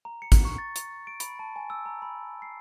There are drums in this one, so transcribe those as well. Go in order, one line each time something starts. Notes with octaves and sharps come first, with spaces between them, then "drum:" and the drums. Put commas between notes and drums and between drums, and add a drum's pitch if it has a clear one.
A#5
C#7
drum: kick G#1, hi-hat
C#6
A6
drum: hi-hat
D7
B5, drum: hi-hat
A5
G#5
E6
A#5
B5
C7